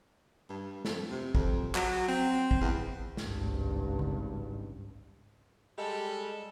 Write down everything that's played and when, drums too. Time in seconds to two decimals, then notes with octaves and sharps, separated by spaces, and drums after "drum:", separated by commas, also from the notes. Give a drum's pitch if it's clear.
0.50 G2
0.85 F2, drum: snare
1.10 C3
1.35 F2, drum: kick
1.75 F#3, drum: clap
2.08 C4
2.51 drum: kick
2.61 E2
3.17 G#1 C#2 G2, drum: snare
3.99 drum: tom C#3
5.78 G3 G#3 A4